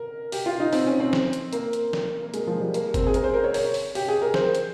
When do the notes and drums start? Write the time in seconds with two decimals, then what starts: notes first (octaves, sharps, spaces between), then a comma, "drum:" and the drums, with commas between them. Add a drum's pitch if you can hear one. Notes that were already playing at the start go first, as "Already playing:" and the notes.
Already playing: A#4
0.32 G4, drum: open hi-hat
0.46 F4
0.60 D#4
0.73 C4, drum: open hi-hat
0.86 C#4
1.00 C4
1.13 drum: snare
1.33 drum: hi-hat
1.53 A#3, drum: hi-hat
1.73 drum: hi-hat
1.93 drum: snare
2.22 A#3
2.34 G#3, drum: hi-hat
2.47 F3
2.61 G3
2.74 A#3, drum: hi-hat
2.94 C4, drum: kick G1, hi-hat
3.07 G#4
3.14 A#4, drum: hi-hat
3.24 C5
3.34 A#4
3.44 C#5
3.54 C#5, drum: open hi-hat
3.74 drum: open hi-hat
3.95 G4, drum: open hi-hat
4.08 G#4
4.22 A#4
4.34 C5, drum: snare
4.55 drum: hi-hat